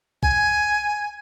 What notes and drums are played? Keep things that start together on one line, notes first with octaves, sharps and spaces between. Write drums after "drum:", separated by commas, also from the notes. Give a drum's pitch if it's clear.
G#5, drum: kick B1